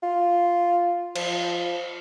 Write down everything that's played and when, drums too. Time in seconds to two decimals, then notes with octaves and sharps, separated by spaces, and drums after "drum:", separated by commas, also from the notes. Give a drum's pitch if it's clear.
0.03 F4
1.16 F3, drum: cymbal